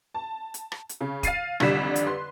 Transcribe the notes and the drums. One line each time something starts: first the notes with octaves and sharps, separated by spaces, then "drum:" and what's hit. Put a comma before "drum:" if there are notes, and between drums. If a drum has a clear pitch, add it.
A5
drum: hi-hat
drum: rim click
drum: hi-hat
C#3
F5 A6 C7 D#7, drum: kick, hi-hat
G#1 F2 D3 G3 B6 E7, drum: rim click
drum: hi-hat
B4 C6